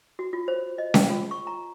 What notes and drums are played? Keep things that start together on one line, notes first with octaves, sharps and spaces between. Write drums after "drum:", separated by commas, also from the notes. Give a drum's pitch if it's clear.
F#4
F4
C5
D#5
G5, drum: snare C#4
F4
C#6
A#5